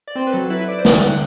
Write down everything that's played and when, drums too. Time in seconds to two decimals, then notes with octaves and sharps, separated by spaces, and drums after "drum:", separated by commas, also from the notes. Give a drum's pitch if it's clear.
0.08 D5
0.15 C4 C5
0.27 B4
0.33 F#3 A4
0.50 E4 B4
0.68 E4 D5
0.79 C5
0.85 D3 D5, drum: snare
1.03 D3 F#5